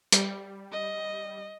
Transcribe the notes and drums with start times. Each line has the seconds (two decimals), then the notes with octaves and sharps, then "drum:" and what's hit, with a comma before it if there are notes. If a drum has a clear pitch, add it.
0.12 G3, drum: hi-hat
0.72 D#5